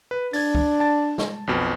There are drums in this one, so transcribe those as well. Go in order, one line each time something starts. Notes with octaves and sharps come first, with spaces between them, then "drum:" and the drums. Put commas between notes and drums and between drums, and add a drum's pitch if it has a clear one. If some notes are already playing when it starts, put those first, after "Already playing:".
B4
D4 G#6 A6, drum: open hi-hat
drum: kick
A5 A6
drum: snare
B1 F2 B2